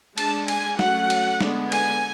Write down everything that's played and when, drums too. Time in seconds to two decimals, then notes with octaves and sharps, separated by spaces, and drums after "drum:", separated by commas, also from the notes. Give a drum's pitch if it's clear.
0.18 G#3 D4 A5, drum: cymbal
0.48 G#5, drum: cymbal
0.79 F#3 A3 C#4 F#5, drum: snare
1.10 drum: cymbal
1.41 D3 G#3 B3 D4, drum: snare
1.72 G#5, drum: cymbal